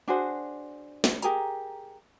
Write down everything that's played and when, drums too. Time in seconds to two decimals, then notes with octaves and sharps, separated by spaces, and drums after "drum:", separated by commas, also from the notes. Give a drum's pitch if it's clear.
0.08 D4 F#4 G#4 C5
1.04 drum: snare
1.22 G4 G#4 A#4 A#5, drum: hi-hat